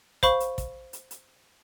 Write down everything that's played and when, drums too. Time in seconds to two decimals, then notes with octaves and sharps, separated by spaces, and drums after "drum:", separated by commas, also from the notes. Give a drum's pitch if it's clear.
0.23 C5 F5 B5 C#6, drum: kick, hi-hat
0.40 drum: hi-hat
0.58 drum: kick, hi-hat
0.93 drum: hi-hat
1.11 drum: hi-hat